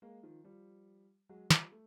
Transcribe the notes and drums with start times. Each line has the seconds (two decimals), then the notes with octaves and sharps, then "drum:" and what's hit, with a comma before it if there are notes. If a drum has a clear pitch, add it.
0.02 G#3 A#3
0.23 D#3 F3
0.44 F3 G3
1.29 F#3 G#3
1.50 F3 G3, drum: snare
1.72 A3